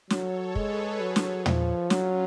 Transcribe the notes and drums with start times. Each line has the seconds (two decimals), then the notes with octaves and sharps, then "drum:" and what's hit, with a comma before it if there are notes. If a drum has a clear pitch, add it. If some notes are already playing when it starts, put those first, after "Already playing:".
0.10 F#3 A4 C#5, drum: snare
0.55 G#3 G#4 B4, drum: kick
1.01 F#3
1.16 drum: snare
1.46 F3, drum: tom
1.90 F#3 C#4 F4, drum: snare